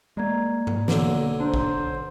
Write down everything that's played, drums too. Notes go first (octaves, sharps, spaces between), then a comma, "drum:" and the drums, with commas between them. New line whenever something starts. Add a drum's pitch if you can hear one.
G#3 A#3 D5 A#5 G#6
drum: tom G#2
B1 D3 A#3, drum: snare
D4 C5 A#5
drum: kick